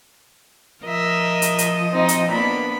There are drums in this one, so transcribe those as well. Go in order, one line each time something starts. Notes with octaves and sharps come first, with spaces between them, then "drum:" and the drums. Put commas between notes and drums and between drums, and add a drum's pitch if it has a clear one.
F3 A#4 D#5 E5
drum: hi-hat
drum: hi-hat
C4 D#4
drum: hi-hat
A#3 B3 D4 B5